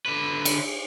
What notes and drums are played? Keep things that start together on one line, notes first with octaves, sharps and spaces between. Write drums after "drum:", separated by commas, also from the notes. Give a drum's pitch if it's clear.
D3 B4
drum: cymbal